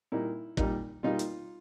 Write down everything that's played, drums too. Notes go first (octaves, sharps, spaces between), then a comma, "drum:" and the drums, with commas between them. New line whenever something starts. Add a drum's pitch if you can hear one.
A#2 G3 A#3 D#4 E4
A#2 G3 A#3 D#4, drum: kick
B2 G3 A#3 D#4 F4
drum: hi-hat